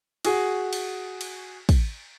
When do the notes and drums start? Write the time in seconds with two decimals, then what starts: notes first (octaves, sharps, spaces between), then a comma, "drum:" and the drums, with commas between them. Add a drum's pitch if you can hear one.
0.25 F#4 G#4, drum: cymbal
0.73 drum: cymbal
1.21 drum: cymbal
1.69 drum: kick, cymbal